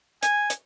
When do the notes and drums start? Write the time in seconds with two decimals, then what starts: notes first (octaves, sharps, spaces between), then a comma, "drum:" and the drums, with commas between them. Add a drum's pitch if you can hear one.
0.23 G#5, drum: hi-hat
0.50 drum: hi-hat